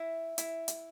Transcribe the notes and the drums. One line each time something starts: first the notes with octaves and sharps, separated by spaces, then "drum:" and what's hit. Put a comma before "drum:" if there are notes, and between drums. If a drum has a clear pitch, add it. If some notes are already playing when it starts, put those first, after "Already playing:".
Already playing: E4 E5
E4, drum: hi-hat
drum: hi-hat